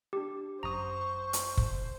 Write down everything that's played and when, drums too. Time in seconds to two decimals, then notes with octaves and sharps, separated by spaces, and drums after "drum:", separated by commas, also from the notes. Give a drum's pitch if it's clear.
0.13 D4 G4
0.63 G1 F#2 C5 A#5 C#6 D#6
1.33 drum: hi-hat
1.57 drum: kick